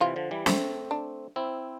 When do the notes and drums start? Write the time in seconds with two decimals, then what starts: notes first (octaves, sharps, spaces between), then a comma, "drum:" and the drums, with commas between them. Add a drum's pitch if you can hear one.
0.01 C3 E3 F4
0.16 D3 F3
0.31 E3 G3
0.46 A3 C4, drum: snare
0.91 D4
1.36 C4 E4